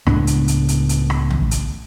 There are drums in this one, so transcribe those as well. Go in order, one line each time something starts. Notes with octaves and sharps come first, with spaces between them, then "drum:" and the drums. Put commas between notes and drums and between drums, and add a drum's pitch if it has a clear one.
C#2 A2 B3 D4, drum: rim click
drum: hi-hat
drum: hi-hat
drum: hi-hat
drum: hi-hat
drum: rim click
drum: tom
drum: hi-hat